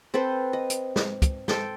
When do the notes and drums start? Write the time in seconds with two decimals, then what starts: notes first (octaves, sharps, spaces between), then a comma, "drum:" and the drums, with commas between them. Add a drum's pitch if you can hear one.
0.14 C4 A4 B4 C5
0.53 D#5
0.70 drum: hi-hat
0.96 drum: snare
1.22 drum: kick, hi-hat
1.48 A4 C5 G5, drum: snare